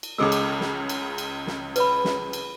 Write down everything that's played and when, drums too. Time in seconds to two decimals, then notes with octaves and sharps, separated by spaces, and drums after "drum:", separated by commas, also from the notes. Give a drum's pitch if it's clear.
0.03 drum: cymbal
0.18 C#2 C#3 G#3 G#4 A4 E6
0.32 drum: cymbal
0.61 drum: snare
0.89 drum: cymbal
1.18 drum: cymbal
1.47 drum: snare
1.76 B4 C#5 B5, drum: cymbal
2.05 drum: snare
2.33 drum: cymbal